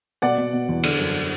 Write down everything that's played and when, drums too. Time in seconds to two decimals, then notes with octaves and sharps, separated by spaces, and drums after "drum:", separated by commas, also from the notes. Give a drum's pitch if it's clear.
0.22 B2 D5 F#5
0.38 B2
0.53 B2
0.69 E2
0.83 D3, drum: cymbal
0.99 F#2